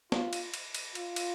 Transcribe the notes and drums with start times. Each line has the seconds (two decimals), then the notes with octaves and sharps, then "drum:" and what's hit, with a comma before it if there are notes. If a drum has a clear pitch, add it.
0.12 F4, drum: snare
0.33 drum: cymbal
0.54 drum: cymbal
0.75 drum: cymbal
0.95 F4, drum: cymbal
1.16 drum: cymbal